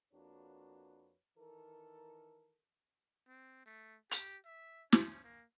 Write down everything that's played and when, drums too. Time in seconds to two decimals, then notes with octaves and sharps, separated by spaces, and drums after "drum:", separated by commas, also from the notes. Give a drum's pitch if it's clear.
0.14 F2 A#3 D4 F#4 B4 C#5
1.38 D#3 E3 A4 A#4
3.28 C4
3.66 A3
4.11 G4, drum: hi-hat
4.45 E5
4.92 C#4, drum: snare
5.24 A#3